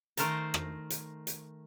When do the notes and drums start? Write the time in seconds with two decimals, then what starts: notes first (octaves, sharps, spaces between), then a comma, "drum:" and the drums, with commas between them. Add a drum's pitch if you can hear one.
0.17 D#3 A3 A#4 C5 A5 A#5, drum: hi-hat
0.54 drum: rim click
0.90 drum: hi-hat
1.27 drum: hi-hat